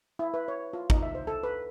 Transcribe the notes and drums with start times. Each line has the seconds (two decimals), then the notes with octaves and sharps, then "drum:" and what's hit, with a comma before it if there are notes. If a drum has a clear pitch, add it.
0.19 E4
0.34 B4
0.48 C#5
0.73 F4
0.90 D#4, drum: kick G#1
1.03 E5
1.15 C5
1.27 A4
1.43 B4